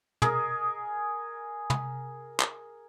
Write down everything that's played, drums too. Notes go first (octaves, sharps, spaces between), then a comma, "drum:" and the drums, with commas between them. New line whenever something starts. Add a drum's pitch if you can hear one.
G#4 A#4 D#5, drum: tom
drum: tom
drum: clap